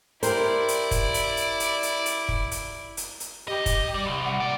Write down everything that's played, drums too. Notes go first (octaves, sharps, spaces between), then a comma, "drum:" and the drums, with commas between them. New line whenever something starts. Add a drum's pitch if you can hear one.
E4 G4 A#4 C5 D5, drum: hi-hat
drum: hi-hat
drum: kick, hi-hat
drum: hi-hat
drum: hi-hat
drum: hi-hat
drum: hi-hat
drum: hi-hat
drum: kick
drum: hi-hat
drum: hi-hat
drum: hi-hat
D#2 G4 D#5
drum: kick, hi-hat
G3
C2
F#5
A#3 D5